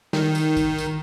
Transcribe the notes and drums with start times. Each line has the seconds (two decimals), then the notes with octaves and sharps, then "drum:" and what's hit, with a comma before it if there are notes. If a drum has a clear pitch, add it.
0.13 D#3, drum: snare
0.35 drum: tambourine
0.57 drum: kick, tambourine
0.78 drum: tambourine